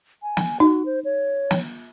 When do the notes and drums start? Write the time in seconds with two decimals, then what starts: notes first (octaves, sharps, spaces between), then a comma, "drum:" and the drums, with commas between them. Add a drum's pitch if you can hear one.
0.23 G#5
0.37 drum: snare
0.60 D#4 F#4
0.86 C5
1.05 C#5
1.51 drum: snare